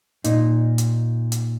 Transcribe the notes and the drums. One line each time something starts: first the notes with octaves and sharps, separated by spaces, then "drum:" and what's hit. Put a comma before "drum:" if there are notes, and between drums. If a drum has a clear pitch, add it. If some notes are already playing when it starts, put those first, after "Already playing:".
A#2 D#4, drum: hi-hat
drum: hi-hat
drum: hi-hat